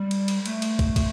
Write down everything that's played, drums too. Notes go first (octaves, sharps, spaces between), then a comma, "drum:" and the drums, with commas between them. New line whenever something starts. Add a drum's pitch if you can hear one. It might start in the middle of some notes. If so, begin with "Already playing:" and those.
Already playing: G3
drum: cymbal
drum: cymbal
A3, drum: cymbal
drum: cymbal
drum: kick, cymbal
drum: kick, cymbal